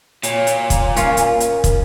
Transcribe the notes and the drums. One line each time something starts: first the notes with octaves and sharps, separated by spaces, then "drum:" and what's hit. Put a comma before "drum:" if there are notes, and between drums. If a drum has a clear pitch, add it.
A#2 C#5, drum: hi-hat
drum: hi-hat
drum: kick, hi-hat
C#4 F4 A#4, drum: hi-hat
drum: hi-hat
drum: hi-hat
drum: kick, hi-hat